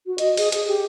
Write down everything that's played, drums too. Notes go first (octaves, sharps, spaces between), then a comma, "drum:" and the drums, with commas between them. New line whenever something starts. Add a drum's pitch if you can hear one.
F#4
D#5, drum: hi-hat
G#4, drum: open hi-hat
G#4, drum: hi-hat
G4